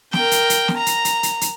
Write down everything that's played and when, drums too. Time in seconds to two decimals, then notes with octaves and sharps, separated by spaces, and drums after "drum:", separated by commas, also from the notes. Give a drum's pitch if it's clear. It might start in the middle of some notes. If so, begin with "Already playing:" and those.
0.13 A#4 G5, drum: snare
0.31 drum: hi-hat
0.50 drum: hi-hat
0.68 drum: snare
0.77 A#5
0.86 drum: hi-hat
1.05 drum: hi-hat
1.23 drum: hi-hat
1.41 drum: hi-hat